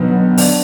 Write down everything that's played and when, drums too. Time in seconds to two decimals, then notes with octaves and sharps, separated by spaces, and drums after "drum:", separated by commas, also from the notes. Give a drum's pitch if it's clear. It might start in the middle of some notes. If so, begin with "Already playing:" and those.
Already playing: B2 D3 D#3 F#3 B3 D#4
0.38 D3 D4, drum: open hi-hat